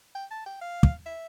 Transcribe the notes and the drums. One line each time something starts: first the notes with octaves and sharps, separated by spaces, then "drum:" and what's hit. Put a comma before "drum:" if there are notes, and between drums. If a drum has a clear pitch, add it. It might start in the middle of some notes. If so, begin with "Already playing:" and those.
G5
A5
G5
F5
drum: kick
E5